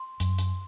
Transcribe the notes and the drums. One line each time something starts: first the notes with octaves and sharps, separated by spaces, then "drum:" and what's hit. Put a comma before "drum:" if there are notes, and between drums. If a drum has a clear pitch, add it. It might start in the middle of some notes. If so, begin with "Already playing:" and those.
Already playing: C6
F#2, drum: hi-hat
drum: hi-hat